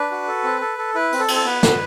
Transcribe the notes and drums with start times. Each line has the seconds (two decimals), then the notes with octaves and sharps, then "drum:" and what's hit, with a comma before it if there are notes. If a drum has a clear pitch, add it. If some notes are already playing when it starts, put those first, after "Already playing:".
Already playing: D4 B4
0.11 F#4
0.28 A4
0.44 C4
0.61 A4
0.78 A4
0.94 E4 B4
1.12 C4, drum: open hi-hat
1.20 A4
1.28 C4, drum: cymbal
1.35 A4
1.45 B3 B4
1.63 B3, drum: snare